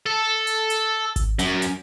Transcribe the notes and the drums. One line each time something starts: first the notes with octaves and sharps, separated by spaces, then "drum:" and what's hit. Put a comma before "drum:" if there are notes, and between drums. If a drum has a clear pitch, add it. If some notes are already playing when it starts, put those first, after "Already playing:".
A4
drum: hi-hat
drum: hi-hat
drum: kick G#1, hi-hat
F#2, drum: hi-hat
drum: hi-hat